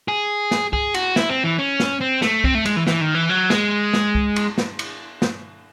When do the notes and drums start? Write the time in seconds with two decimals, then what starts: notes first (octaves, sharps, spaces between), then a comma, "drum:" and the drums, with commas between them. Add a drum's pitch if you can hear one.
0.08 G#4
0.51 drum: snare
0.73 G#4, drum: kick
0.94 F#4, drum: cymbal
1.16 E4, drum: snare
1.30 C4
1.44 E3
1.58 C#4
1.80 drum: snare
2.01 C4
2.22 A3, drum: snare
2.44 C4, drum: kick
2.55 A3
2.65 G#3, drum: cymbal
2.76 E3
2.87 E3, drum: snare
3.01 D#3
3.15 E3
3.29 F#3
3.50 G#3, drum: snare
3.93 drum: snare
4.15 drum: kick
4.36 drum: cymbal
4.58 drum: snare
4.79 drum: cymbal
5.22 drum: snare